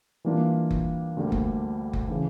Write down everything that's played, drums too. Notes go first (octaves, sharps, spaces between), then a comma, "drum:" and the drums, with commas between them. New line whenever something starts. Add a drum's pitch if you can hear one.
E3 G3 A#3 D4 F4
drum: kick F#1
D2 D3 G3 A#3
drum: kick F#1
drum: kick F#1
C#3 E3